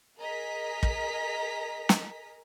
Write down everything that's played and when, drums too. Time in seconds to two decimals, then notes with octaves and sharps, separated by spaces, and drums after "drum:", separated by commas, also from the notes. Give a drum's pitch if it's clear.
0.20 G#4 A#4 D#5 A#5 B6
0.83 drum: kick
1.89 drum: snare